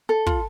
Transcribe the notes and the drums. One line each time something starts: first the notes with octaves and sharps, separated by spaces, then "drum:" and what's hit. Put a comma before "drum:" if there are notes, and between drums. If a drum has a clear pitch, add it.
A4
F4, drum: kick